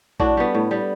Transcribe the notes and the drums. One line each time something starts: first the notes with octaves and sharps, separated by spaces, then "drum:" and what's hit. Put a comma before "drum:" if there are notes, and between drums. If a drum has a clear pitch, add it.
A2 D4 F#4, drum: kick A#1
G3 B3
A2
G3 B3